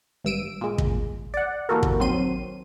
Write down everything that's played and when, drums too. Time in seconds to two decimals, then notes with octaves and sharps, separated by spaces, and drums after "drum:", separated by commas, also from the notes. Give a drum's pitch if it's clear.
0.24 G#1 G2 E6 D7 D#7
0.61 A#2 G#3
0.78 drum: kick
1.34 D5 F#5
1.69 E3 G3 A#3 F#4 A4 A#4
1.83 drum: kick
2.00 D#3 F#3 C4 C6 D#7